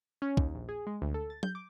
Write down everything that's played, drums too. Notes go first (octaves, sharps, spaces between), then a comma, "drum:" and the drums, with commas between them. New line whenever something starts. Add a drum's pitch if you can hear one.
C#4
D#2, drum: kick
A#1
G#4
G#3
D2
A4
A6
G6, drum: tom F#3
D6